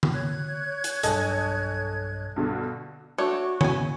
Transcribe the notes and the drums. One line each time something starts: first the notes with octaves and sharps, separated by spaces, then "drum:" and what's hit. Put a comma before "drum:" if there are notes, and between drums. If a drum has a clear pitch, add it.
drum: tom D3
C#5 F#6 G#6
drum: hi-hat
B1 G2 A4 D#5 G#5, drum: hi-hat
G2 B2 D3
A3 D4 F#4 C#5
C#4 G#5, drum: tom D3